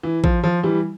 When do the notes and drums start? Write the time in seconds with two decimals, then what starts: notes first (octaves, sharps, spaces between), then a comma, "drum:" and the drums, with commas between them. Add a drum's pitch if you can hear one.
0.03 E3
0.24 F3, drum: kick A1
0.44 F3
0.63 E3 G3